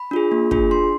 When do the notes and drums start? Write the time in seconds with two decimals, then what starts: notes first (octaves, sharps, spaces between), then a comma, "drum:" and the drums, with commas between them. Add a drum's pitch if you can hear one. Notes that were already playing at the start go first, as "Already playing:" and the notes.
Already playing: B5
0.11 D4 F4 G#4
0.32 A#3
0.51 D4 F4 G#4, drum: kick
0.71 D4 C6